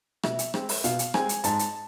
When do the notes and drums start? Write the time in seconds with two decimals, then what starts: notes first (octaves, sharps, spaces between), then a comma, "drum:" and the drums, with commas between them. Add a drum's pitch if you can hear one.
0.23 B2 E5, drum: rim click
0.39 drum: hi-hat
0.54 G#3 C4, drum: rim click
0.69 drum: open hi-hat
0.84 B2 F5, drum: hi-hat
0.99 drum: hi-hat
1.14 G#3 C4 G#5, drum: rim click
1.29 drum: hi-hat
1.44 G#2 A5, drum: hi-hat
1.59 drum: hi-hat